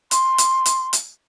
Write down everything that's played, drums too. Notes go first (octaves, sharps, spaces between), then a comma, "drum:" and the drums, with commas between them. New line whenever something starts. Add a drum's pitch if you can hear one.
C6, drum: hi-hat
drum: hi-hat
drum: hi-hat
drum: hi-hat